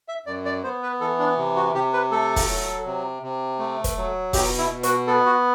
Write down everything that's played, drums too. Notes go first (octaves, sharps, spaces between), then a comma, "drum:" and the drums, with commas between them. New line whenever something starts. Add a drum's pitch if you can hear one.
E5
F#2 D5
D5
B3 C5
B4
E3 A4
D4
C3
F#4
C3 G4
B4
A3 A4
drum: kick, open hi-hat
F#3
C3
C3
A3
drum: kick, hi-hat
F#3
B2 G4, drum: kick, open hi-hat
E4
B2
F#4, drum: hi-hat
B3 A4
F#4